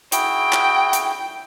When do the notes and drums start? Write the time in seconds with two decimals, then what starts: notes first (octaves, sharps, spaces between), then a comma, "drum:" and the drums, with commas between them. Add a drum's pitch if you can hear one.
0.12 E4 F#4 G#4 G5, drum: hi-hat
0.53 drum: clap
0.93 drum: hi-hat